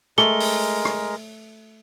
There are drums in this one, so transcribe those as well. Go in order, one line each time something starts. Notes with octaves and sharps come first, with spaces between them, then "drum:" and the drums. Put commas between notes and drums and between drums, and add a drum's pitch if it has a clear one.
G#3 A3 A#4 G7, drum: rim click
drum: open hi-hat
drum: rim click